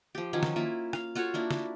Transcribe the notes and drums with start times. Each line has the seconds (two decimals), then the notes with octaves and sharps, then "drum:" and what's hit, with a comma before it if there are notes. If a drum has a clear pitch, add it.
0.15 F3 G4
0.33 D#3 F3 F#3 C#4
0.43 drum: snare
0.56 A#3 E4 F4 E5
0.93 F5, drum: rim click
1.15 F4 F#4 A4 C#5
1.34 A#3 D4 E4
1.51 drum: snare